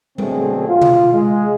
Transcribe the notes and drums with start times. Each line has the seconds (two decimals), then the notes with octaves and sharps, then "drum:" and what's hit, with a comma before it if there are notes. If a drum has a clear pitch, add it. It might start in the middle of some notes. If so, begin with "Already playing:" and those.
0.18 B2 D3 F#3 A3 C4 G#4, drum: tom G3
0.68 F4
0.82 drum: tom B2
1.14 G#3